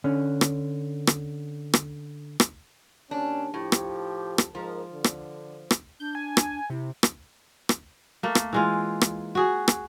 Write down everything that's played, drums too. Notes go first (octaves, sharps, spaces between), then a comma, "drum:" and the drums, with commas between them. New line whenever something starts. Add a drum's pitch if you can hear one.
D3 C#4
drum: rim click
drum: rim click
drum: rim click
drum: rim click
D#2 C#4 D4
A2 F3 G4
drum: rim click
drum: rim click
G#2 F3 A#4
D3
drum: rim click
drum: rim click
D4 G6
G#5
drum: rim click
C3 E4
drum: rim click
drum: rim click
A3 A#3
drum: rim click
E3 G#3 F4
drum: rim click
F#4 G#4
drum: rim click